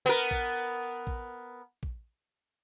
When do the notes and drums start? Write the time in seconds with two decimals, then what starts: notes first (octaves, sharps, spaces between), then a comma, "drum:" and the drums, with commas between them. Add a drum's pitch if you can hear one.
0.06 B3 A#4
0.31 drum: kick
1.07 drum: kick
1.83 drum: kick